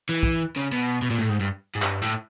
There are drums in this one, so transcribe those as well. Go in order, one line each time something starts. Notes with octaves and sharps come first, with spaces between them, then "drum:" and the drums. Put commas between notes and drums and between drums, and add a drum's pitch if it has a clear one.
E3
drum: kick
C#3
B2
B2
A#2
A2
G#2
G2
G#2
G2, drum: clap
A2